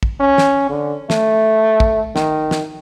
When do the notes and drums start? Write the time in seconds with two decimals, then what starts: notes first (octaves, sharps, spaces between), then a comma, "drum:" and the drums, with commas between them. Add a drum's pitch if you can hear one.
0.03 drum: kick
0.20 C#4
0.38 drum: snare
0.70 D3
1.10 A3, drum: snare
1.80 drum: kick
2.16 D#3, drum: snare
2.51 drum: snare